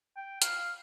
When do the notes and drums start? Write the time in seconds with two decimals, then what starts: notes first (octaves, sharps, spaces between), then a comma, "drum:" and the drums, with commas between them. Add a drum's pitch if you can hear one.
0.17 G5
0.42 F5, drum: hi-hat
0.58 F5